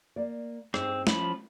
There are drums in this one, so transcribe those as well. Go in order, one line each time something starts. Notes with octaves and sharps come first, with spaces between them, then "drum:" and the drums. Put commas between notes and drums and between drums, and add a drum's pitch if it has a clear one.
A#3 D5
G2 G#3 C4 D#4, drum: rim click
F3 C#4 B5, drum: snare